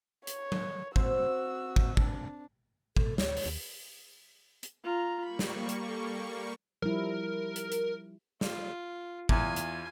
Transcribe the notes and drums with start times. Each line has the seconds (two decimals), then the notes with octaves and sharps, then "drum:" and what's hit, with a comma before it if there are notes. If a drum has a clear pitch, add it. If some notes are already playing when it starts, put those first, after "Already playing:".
0.27 C#5, drum: hi-hat
0.52 drum: tom F#3
0.96 C4 F#4 E6, drum: kick
1.76 drum: kick
1.97 D4, drum: kick
2.97 B2 A4, drum: kick
3.18 D2 C#5, drum: snare
3.37 drum: open hi-hat
3.46 D#2
4.63 drum: hi-hat
4.84 F4 A#5
5.25 G3 A#3 B5 C#6
5.39 drum: snare
5.69 drum: hi-hat
5.87 A4
6.82 F3 G3 E4 A#4
7.56 drum: hi-hat
7.72 drum: hi-hat
8.41 F4, drum: snare
9.29 E2 F4 G#5, drum: kick
9.56 drum: hi-hat